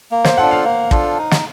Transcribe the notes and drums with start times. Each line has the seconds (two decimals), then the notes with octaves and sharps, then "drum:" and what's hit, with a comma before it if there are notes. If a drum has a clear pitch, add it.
0.11 A#3
0.24 C5, drum: snare
0.37 D4 F4 A4 F#5
0.51 F5
0.64 A#3
0.91 D4 F4 A4, drum: kick
1.18 D#4
1.31 drum: snare